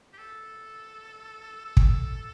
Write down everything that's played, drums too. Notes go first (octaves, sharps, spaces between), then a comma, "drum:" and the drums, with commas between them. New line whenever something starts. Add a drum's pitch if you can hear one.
G4
A4
A4
drum: kick